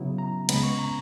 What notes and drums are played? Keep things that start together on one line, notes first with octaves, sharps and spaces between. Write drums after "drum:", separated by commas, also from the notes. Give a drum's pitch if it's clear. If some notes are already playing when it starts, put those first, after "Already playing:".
Already playing: C#3 F#3 B3 E4
A#5
C#2 C#3 G#3 B3 B5, drum: cymbal
C#6
A#5